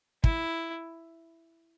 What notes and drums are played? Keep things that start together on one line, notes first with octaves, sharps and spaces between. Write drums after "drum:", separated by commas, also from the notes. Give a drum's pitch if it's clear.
E4, drum: kick